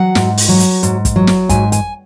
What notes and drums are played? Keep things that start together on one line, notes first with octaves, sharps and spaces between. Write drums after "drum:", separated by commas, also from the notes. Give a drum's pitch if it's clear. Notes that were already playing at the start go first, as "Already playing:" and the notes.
Already playing: F#3 F#5
G#2, drum: snare
drum: open hi-hat
F#3
drum: hi-hat
G#2, drum: hi-hat
drum: kick, hi-hat
F#3
drum: snare
G#2 G#5, drum: kick, hi-hat
G#5, drum: hi-hat